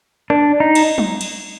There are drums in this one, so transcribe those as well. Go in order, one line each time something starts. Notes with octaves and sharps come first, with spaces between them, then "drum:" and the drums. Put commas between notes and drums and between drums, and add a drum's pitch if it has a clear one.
D4, drum: rim click
D#4
drum: cymbal
drum: tom
drum: cymbal